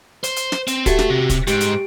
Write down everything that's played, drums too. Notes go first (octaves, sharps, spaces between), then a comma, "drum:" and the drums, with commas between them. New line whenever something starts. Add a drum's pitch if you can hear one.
C5, drum: hi-hat
drum: hi-hat
drum: snare
C4, drum: hi-hat
F#4 G4 A4 E5, drum: kick, hi-hat
drum: snare
C3
drum: kick, hi-hat
G#2 G4 D7, drum: hi-hat
drum: hi-hat